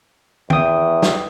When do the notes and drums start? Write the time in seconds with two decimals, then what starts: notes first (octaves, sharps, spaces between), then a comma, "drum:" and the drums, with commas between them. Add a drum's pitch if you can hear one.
0.50 E2 G5 D#6, drum: tom D#3
1.02 drum: snare